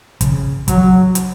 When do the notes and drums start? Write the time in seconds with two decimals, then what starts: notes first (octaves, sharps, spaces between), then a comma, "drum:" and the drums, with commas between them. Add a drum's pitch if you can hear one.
0.21 C#3, drum: kick, hi-hat
0.68 F#3, drum: kick, hi-hat
1.15 drum: hi-hat